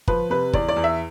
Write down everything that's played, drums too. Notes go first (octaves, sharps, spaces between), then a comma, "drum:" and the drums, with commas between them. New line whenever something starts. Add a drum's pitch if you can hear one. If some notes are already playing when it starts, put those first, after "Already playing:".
F3 B4, drum: kick G1
C3 B4
E2 D5, drum: kick G1
D5
E2
E5